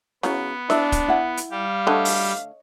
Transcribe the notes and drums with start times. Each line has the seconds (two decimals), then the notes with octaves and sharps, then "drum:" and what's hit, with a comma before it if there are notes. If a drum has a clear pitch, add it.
0.23 C#3 F#3 B3, drum: snare E4
0.70 D4 E5, drum: snare E4
0.92 drum: kick, hi-hat
1.08 E4 F#5
1.37 drum: hi-hat
1.51 G3 G4 F5
1.87 D3 A3 C#5 D#5
2.05 drum: open hi-hat